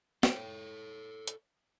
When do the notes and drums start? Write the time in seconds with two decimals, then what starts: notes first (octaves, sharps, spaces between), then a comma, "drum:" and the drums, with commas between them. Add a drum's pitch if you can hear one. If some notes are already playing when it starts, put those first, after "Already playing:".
0.23 A4 C#5 G5, drum: snare
1.28 drum: hi-hat